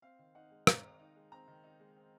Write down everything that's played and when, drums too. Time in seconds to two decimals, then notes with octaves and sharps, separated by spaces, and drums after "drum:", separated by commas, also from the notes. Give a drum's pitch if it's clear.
0.02 C4 F5
0.19 D#3
0.35 D#4 F#5
0.51 G#3
0.67 C4 A#5, drum: rim click
0.83 D#3
1.00 D#4
1.15 G#3
1.32 C4 A#5
1.47 D#3
1.64 D#4
1.80 G#3
1.96 C4